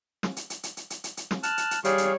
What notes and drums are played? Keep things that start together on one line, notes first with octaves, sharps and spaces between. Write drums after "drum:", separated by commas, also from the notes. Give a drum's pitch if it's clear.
drum: snare
drum: hi-hat
drum: hi-hat
drum: hi-hat
drum: hi-hat
drum: hi-hat
drum: hi-hat
drum: hi-hat
drum: snare
A5 F6 F#6, drum: hi-hat
drum: hi-hat
drum: hi-hat
G3 G#4 C#5 F5, drum: hi-hat
drum: hi-hat